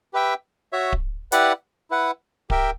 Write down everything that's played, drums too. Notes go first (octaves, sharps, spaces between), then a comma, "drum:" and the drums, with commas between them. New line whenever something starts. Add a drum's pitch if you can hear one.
G4 B4 E5 G5
F#4 C#5 E5
drum: kick D1
E4 G4 B4 D5 F#5, drum: hi-hat
E4 B4 F#5
G4 A#4 E5 G5, drum: kick D1